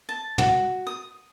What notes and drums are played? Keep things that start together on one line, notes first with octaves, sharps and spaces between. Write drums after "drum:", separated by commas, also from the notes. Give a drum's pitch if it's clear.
A5
F#4, drum: tom
D#6